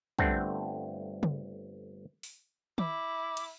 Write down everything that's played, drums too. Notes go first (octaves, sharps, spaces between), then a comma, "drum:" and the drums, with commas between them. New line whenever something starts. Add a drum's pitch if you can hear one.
G1 A3 C4 D4 F#5, drum: kick
drum: tom C#3
drum: open hi-hat
E4 D6, drum: tom
drum: cymbal